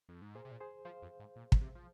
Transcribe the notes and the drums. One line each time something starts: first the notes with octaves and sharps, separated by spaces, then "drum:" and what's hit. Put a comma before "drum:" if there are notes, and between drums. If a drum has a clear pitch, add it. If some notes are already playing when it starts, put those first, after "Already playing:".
F2
G#2
A#2 G#4 C5
C3
A#2
G#4 C5
F3 C5 F5
F2
G#2
A#2
drum: kick
C3
F3